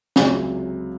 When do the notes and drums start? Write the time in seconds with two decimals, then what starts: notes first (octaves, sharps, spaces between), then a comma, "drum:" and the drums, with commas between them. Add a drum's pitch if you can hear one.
0.16 C#2 C3 F#3, drum: snare